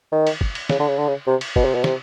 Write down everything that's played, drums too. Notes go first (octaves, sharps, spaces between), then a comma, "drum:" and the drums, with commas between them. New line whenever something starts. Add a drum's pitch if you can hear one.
D#3
drum: cymbal
drum: kick
drum: cymbal
C#3, drum: snare
D3
C#3
D3
C#3
C3
drum: cymbal
B2, drum: kick
C3
B2
C3, drum: snare